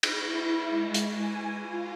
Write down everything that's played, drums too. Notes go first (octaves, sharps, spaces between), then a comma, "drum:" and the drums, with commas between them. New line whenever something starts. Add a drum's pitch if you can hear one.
drum: cymbal
E4
G#3
drum: hi-hat
G#5
F4